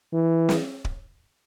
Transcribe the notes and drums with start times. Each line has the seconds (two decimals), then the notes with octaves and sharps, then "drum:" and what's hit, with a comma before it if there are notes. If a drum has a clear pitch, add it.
0.13 E3
0.49 drum: snare
0.85 drum: kick D1